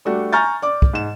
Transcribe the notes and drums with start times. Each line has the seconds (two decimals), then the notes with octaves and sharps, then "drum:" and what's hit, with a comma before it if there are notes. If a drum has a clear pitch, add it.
0.05 G3 A3 D4 F#4
0.33 G#5 A#5 C#6 F6 G6 A6
0.62 D5 D6
0.82 drum: kick
0.93 G#2 E7